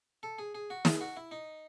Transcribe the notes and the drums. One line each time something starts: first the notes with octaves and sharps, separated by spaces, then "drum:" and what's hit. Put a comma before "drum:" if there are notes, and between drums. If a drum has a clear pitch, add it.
A4
G#4
G#4
F#4
G#4, drum: snare
F#4
E4
D#4